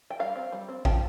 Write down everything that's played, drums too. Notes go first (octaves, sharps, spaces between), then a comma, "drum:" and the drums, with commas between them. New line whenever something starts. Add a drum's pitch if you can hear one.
G5
G3 F5
C4
G3
C4
F3 G5, drum: kick A#1